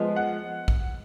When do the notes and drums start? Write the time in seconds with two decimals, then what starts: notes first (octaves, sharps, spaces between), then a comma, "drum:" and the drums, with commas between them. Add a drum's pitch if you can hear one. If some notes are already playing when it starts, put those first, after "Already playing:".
Already playing: F3 G#3 B3
0.16 F#5
0.68 drum: kick A#1